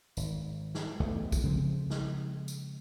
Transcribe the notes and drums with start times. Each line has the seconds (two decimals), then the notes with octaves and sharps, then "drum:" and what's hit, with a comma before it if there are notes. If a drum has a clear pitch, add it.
0.17 G#1, drum: tambourine
0.75 drum: snare
1.00 B1 E2 D3 A3
1.32 drum: kick, tambourine
1.43 C#3 F3 G#3 C4
1.90 drum: snare
2.48 drum: tambourine